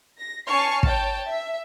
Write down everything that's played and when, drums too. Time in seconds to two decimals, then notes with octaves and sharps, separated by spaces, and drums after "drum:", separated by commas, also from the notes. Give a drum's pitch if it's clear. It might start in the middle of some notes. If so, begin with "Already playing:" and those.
0.18 A#6
0.47 C#4 G#5 A5 C#6 F6 C7
0.83 C#5 G5 A5, drum: kick
1.28 E5